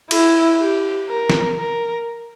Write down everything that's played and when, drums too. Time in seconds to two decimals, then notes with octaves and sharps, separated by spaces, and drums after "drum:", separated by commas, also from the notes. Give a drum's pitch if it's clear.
0.11 E4, drum: cymbal
0.60 G4
1.09 A#4
1.30 drum: snare
1.58 A#4